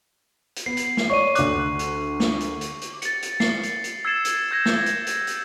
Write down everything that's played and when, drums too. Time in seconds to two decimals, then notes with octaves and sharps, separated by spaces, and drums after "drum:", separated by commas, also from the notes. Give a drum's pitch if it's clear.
0.56 drum: hi-hat
0.66 B3 C7
0.77 drum: hi-hat
0.97 drum: snare
1.10 C#5 D5 C#6 D#7
1.35 D2 D6 F#6, drum: hi-hat
1.79 drum: hi-hat
2.20 drum: snare
2.40 drum: hi-hat
2.61 drum: hi-hat
2.81 drum: hi-hat
3.02 A6 C#7, drum: hi-hat
3.22 drum: hi-hat
3.40 C7, drum: snare
3.63 drum: hi-hat
3.84 drum: hi-hat
4.05 E6 G#6 A6 C7 C#7 E7
4.25 drum: hi-hat
4.51 E6 G6 G#6 A#6 E7
4.66 drum: snare
4.86 drum: hi-hat
5.07 drum: hi-hat
5.27 drum: hi-hat